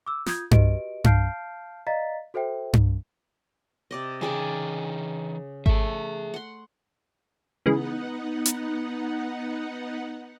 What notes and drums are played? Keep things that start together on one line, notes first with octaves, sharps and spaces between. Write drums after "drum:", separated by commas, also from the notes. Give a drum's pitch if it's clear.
D6 E6
F4 D#6 G6 G#6, drum: snare
F#4 G4 B4 D#5 D7, drum: tom G2
F5 A5 F6 G6 C7 D7, drum: tom G2
D5 D#5 F5 A#5 A6 B6
F#4 A4 C5 E5 G5
drum: tom G2
C3 D5 D#5
C#3 E3 D#4 G#4 D5 G5
A3 G#4 E5, drum: kick G#1
F#5 C6
C#3 E3 G#3 B3 D#4 F#5
drum: hi-hat